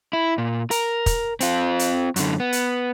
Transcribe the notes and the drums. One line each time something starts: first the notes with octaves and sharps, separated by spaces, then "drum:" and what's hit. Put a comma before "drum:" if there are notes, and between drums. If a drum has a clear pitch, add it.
E4
A#2
A#4, drum: hi-hat
drum: kick, hi-hat
C4 F4, drum: hi-hat
drum: hi-hat
F#2 D3, drum: hi-hat
B3
drum: hi-hat